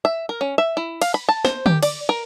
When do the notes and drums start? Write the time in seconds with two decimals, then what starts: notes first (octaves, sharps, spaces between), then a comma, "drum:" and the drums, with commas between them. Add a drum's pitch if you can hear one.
0.05 E5
0.29 A#4
0.41 C#4
0.58 E5
0.77 E4
1.02 F5, drum: cymbal
1.14 B5
1.29 A5
1.45 C5, drum: snare
1.66 G4, drum: tom
1.83 D5, drum: cymbal
2.09 A#4